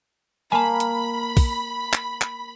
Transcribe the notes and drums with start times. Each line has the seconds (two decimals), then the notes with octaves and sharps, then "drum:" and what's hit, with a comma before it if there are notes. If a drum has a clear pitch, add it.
0.52 A#3 G#5 A5 B5
0.80 drum: hi-hat
1.37 drum: kick, open hi-hat
1.93 drum: clap
2.21 drum: clap